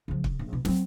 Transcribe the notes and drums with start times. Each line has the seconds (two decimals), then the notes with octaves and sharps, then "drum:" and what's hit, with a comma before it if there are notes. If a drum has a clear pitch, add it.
0.08 C#3 F3
0.24 C#3, drum: kick
0.39 A#1
0.53 B2
0.65 F#3 C4, drum: snare